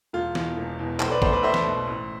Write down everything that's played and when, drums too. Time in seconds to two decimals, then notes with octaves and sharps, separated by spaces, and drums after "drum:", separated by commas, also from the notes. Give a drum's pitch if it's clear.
0.13 E1 F4
0.35 E2 B2, drum: snare
0.57 E1
0.79 E2 B2
1.00 B1 A4 C5, drum: clap
1.10 B4 D5
1.22 B2 A3 A4 C5, drum: kick
1.32 B4 D5
1.43 B1 C5 E5
1.54 drum: snare
1.65 B2 A3
1.87 A1